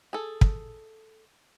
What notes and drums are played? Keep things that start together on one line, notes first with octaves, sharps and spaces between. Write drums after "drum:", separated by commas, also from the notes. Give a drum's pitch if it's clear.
G#4 A4
drum: kick